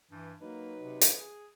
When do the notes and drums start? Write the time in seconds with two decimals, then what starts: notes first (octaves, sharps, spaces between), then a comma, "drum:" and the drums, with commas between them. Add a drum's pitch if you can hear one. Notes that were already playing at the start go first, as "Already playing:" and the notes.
0.11 G2 E3
0.41 F#3 A#3 D#4 B4
0.80 C3
1.01 drum: hi-hat
1.15 G#4